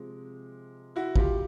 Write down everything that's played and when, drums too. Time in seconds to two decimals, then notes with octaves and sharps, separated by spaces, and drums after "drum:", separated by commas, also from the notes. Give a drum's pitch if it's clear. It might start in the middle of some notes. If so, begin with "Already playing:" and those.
Already playing: C3 F3 G#3
0.96 E4 F#4
1.16 F4 G4, drum: kick